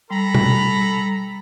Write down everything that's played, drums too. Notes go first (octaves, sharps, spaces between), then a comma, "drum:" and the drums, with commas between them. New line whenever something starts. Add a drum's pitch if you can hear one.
G3 A4 A#5 B5
drum: tom B2